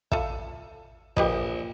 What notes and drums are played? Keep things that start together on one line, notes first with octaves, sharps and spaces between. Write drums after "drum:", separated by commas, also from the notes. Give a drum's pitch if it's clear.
F4 A4 E5, drum: kick
A#1 G4 B4 D#5, drum: kick